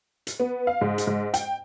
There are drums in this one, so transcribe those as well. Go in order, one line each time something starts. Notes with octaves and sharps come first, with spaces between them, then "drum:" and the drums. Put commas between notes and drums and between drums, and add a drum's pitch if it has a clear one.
drum: hi-hat
B3
F5
G#2
drum: hi-hat
G#2
G5, drum: hi-hat